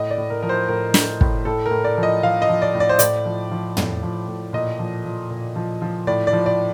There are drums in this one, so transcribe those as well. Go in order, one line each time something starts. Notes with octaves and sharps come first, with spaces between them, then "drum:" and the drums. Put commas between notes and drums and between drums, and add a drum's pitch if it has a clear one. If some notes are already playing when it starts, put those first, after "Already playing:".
Already playing: A2 D#5
D5
A2
A#4
F3 A#4
C5
A2 A#4
A2, drum: snare
A2, drum: kick
A2 A4
A#4
A2
D5
F3
D#5
F3 F5
D#5
F3
D5
A2
D5
C5
A2 D5, drum: hi-hat
F3
F3
A2, drum: tom
F3
A2
A#2 D#5
F3
F3
A#2
F3
F3
A2 D5
D5
F3
D5